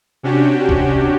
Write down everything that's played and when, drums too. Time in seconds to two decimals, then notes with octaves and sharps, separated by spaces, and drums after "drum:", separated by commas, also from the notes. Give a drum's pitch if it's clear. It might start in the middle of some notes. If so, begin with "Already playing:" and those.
0.23 C3 C#4 D4 F#4 G4
0.69 drum: kick